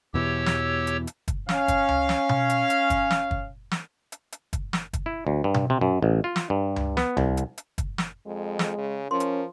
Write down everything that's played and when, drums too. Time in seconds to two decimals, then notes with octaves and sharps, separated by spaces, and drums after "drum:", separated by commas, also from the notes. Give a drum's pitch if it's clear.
0.14 E2 B2 E3 G4 C#5 E6
0.46 drum: snare
0.87 drum: hi-hat
1.07 drum: hi-hat
1.28 drum: kick, hi-hat
1.49 C#4 F5, drum: snare
1.68 drum: kick, hi-hat
1.89 drum: tom C#2
2.09 drum: snare
2.29 drum: tom B2
2.50 drum: hi-hat
2.70 drum: hi-hat
2.90 drum: kick, hi-hat
3.10 drum: snare
3.31 drum: kick
3.71 drum: snare
4.12 drum: hi-hat
4.32 drum: hi-hat
4.53 drum: kick, hi-hat
4.73 drum: snare
4.93 drum: kick, hi-hat
5.06 E4
5.27 D2
5.44 G2
5.54 drum: tom B2
5.70 C3
5.81 F#2
6.03 A1
6.24 F4
6.36 drum: snare
6.50 G2
6.76 drum: tom C#2
6.97 B3, drum: snare
7.17 C2, drum: tom C#2
7.37 drum: hi-hat
7.58 drum: hi-hat
7.78 drum: kick, hi-hat
7.98 drum: snare
8.27 F2 G#3
8.59 drum: snare
8.77 C#3
9.11 F3 C#4 A#4 C6
9.20 drum: hi-hat